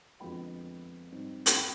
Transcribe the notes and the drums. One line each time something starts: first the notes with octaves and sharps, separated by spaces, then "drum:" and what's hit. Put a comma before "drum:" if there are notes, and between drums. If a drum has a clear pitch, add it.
F2 D3 F3 G#3 B3 G5 B5
G#2 G3 C4
C6, drum: hi-hat
G5 B5